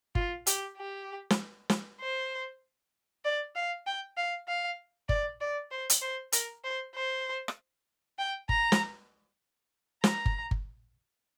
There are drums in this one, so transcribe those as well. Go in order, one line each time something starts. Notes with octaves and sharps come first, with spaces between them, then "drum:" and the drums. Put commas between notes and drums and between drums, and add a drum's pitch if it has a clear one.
F4, drum: kick G1
G4, drum: hi-hat
G4
drum: snare
drum: snare
C5
D5
F5
G5
F5
F5
D5, drum: kick G1
D5
C5
drum: hi-hat
C5
A#4, drum: hi-hat
C5
C5
drum: rim click
G5
A#5, drum: kick G1
drum: snare
A#5, drum: snare
drum: kick G1
drum: kick G1